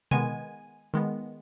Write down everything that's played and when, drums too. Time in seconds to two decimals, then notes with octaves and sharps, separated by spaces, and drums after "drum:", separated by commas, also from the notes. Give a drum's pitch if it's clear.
0.11 D#3 G#3 B3 G#5, drum: tom B2
0.94 D#3 G#3 B3